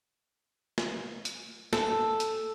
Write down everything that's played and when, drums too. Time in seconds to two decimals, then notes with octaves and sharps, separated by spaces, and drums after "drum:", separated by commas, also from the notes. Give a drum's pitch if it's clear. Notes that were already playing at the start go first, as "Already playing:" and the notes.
0.78 drum: snare
1.25 drum: hi-hat
1.73 A4, drum: snare
2.20 drum: hi-hat